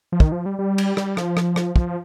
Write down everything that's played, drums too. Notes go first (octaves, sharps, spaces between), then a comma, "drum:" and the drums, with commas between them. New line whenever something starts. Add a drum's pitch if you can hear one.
F3
D#3, drum: kick
F3
G3
G3
drum: cymbal
G3, drum: rim click
F3, drum: rim click
drum: rim click
drum: rim click
F3, drum: kick